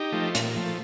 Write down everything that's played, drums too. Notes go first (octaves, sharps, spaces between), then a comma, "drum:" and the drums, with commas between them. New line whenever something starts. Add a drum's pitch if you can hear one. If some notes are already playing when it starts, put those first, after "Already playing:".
Already playing: D#4 G4
F3 A3
A#2, drum: hi-hat
F3 A3